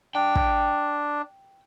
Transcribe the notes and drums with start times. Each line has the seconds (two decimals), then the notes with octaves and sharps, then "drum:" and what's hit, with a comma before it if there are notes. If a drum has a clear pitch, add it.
0.15 D4 G5
0.35 drum: kick